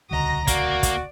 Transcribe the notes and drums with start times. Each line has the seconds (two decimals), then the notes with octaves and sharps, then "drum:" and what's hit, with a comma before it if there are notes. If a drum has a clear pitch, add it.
0.11 D#1 C#2 D3 F#4 D#5 A#5
0.47 A#3 F#4 D5, drum: kick, hi-hat
0.83 drum: kick, hi-hat